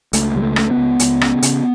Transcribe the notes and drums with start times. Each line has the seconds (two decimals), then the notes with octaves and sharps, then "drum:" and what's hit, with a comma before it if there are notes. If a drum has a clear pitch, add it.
0.13 C#2 A3, drum: hi-hat
0.35 C#2 G3
0.42 A3
0.56 C#3 A3, drum: rim click
0.71 B3
0.78 C#2
0.99 C#2, drum: hi-hat
1.21 C#3, drum: rim click
1.43 C#3, drum: hi-hat